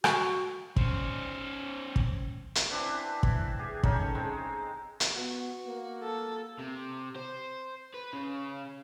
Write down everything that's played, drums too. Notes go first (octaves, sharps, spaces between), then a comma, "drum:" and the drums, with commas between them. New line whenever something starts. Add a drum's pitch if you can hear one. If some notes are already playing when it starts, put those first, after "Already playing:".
F#4, drum: rim click
C#4 C5, drum: kick
drum: kick
drum: hi-hat
E3 C4 D4 B4
E3, drum: kick
G4 G#4
C#4 D#4 A4 C#5, drum: kick
G#3 C4
drum: hi-hat
B3 F#4
A#3
A4
C3
C5
B4
C#3